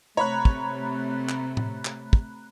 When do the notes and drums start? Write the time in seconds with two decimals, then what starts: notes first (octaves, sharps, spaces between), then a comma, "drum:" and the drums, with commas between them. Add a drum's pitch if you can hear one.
0.17 C3 A3 C#5 A#5 B5 F#6
0.45 drum: kick
1.29 drum: clap
1.57 drum: tom A2
1.85 drum: clap
2.13 drum: kick